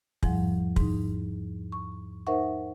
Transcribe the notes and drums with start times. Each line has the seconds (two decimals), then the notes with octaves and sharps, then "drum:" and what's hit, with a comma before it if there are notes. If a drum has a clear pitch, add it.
0.23 E2 G#2 F3 G3 F#5, drum: kick
0.76 G#2 D#4, drum: kick
1.72 C#6
2.27 D#4 A#4 C5 E5 F#5 C#6